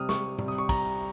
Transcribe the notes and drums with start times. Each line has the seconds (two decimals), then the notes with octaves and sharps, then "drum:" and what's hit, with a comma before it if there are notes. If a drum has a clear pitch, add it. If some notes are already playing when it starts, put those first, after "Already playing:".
Already playing: C3 G3 D#6 F6
0.09 C#6, drum: snare
0.39 C3 G3, drum: tom A2
0.48 D#6
0.58 C#6
0.69 A#5, drum: kick, cymbal